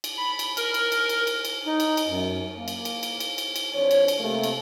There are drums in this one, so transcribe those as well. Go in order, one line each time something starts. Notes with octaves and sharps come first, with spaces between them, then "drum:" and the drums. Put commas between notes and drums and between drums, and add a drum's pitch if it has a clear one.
drum: cymbal
B5
drum: cymbal
A#4, drum: cymbal
drum: cymbal
drum: cymbal
drum: cymbal
drum: cymbal
drum: cymbal
D#4
drum: cymbal
drum: cymbal
F#2
A#3
drum: cymbal
drum: cymbal
drum: cymbal
drum: cymbal
drum: cymbal
drum: cymbal
F2 D4 C5 C#5
drum: cymbal
drum: cymbal
C3 A3 A#3
drum: cymbal